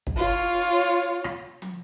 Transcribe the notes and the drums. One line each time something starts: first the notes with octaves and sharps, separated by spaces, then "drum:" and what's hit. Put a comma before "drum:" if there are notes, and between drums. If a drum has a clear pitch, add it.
drum: kick
F4 C#5
drum: rim click
drum: tom